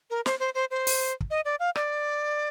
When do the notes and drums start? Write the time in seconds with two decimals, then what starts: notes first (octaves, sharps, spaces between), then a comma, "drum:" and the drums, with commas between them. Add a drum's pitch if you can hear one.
0.10 A#4
0.26 C5, drum: snare
0.39 C5
0.55 C5
0.71 C5
0.87 drum: open hi-hat
1.21 drum: kick
1.31 D#5
1.45 D5
1.60 F5
1.76 D5, drum: rim click